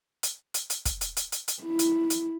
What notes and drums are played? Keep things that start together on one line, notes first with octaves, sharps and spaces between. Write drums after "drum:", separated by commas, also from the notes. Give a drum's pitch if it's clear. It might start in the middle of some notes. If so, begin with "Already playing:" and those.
drum: hi-hat
drum: hi-hat
drum: hi-hat
drum: kick, hi-hat
drum: hi-hat
drum: hi-hat
drum: hi-hat
drum: hi-hat
E4
drum: hi-hat
drum: hi-hat